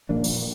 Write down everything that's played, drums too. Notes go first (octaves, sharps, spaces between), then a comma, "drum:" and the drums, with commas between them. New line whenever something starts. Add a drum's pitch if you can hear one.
A#2 F3 A#3 D4
drum: open hi-hat